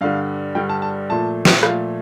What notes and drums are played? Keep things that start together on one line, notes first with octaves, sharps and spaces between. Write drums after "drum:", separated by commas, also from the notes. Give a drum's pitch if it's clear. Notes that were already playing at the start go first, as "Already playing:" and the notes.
G2 D3 G3 F5
G2 D3 G3 G5
A5
A5
A#2 F3 A3 A5
drum: snare
A#2 F3 A3 F5, drum: rim click